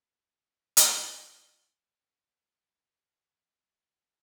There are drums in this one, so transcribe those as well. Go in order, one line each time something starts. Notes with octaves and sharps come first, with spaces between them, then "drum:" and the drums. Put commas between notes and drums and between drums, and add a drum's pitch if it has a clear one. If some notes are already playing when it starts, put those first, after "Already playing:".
Already playing: D3 F3 A#3 F4 C5
D3 F3 A#3 F4 C5
drum: hi-hat
D3 F3 A#3 F4 C5
D3 F3 A#3 F4 C5
F1 D#2 D#3
F1 D#2 D#3
F1 D#2 D#3
D#3